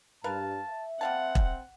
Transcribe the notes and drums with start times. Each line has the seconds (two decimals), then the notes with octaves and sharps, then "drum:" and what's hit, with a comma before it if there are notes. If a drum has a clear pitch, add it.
0.24 G2 A#4 B4 F5 A5
0.69 E5
1.01 G3 C4 F5 F#5 A5
1.35 drum: kick E1